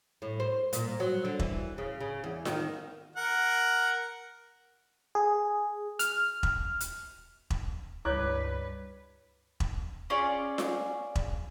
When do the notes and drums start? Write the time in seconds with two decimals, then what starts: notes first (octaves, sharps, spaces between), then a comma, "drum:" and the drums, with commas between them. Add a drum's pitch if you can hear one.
0.22 A2
0.40 C5
0.73 A#2, drum: hi-hat
1.00 F#3
1.25 D3
1.39 E3, drum: kick E1
1.78 C#3
2.00 C#3
2.24 E2
2.45 D#3, drum: snare F4
3.16 A#4 F#5
5.15 G#4
5.99 F6, drum: hi-hat
6.43 drum: kick E1
6.80 drum: hi-hat
7.50 drum: kick E1
8.05 C#2 G2 E4 B4 C#5 D6 F#6 G#6
9.60 drum: kick E1
10.10 C#4 F4 G#4 D5
10.58 drum: snare F4
11.15 drum: kick E1